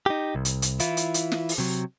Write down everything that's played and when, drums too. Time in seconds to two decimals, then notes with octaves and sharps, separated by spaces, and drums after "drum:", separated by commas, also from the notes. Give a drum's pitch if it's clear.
0.06 D#4 G4
0.35 C2
0.45 drum: hi-hat
0.62 drum: hi-hat
0.80 E3 E4 F4, drum: hi-hat
0.97 drum: hi-hat
1.14 drum: hi-hat
1.32 drum: snare
1.49 drum: open hi-hat
1.58 C3 F#3